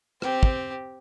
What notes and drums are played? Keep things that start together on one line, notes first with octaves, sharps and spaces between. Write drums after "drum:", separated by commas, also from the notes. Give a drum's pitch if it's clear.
C4 G4, drum: rim click
drum: kick